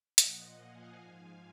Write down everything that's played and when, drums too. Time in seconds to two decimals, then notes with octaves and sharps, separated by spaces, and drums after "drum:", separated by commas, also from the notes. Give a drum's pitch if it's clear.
0.18 A#2 F3 D#5 F#5, drum: hi-hat
0.57 F5 G#5
0.95 G#2 F3 F5 G#5